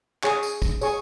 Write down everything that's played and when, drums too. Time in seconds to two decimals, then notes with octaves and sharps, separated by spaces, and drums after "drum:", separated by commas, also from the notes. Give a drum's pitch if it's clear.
0.23 G#4 C#5 G#5 C#6, drum: clap
0.43 drum: tambourine
0.62 drum: kick, tambourine
0.81 G#4 C#5 G#5 C#6, drum: tambourine